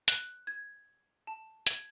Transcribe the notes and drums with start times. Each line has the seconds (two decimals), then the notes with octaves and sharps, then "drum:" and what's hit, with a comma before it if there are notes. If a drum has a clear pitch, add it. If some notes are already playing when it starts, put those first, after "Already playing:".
0.08 F#6, drum: hi-hat
0.47 G#6
1.27 A5
1.67 G#6, drum: hi-hat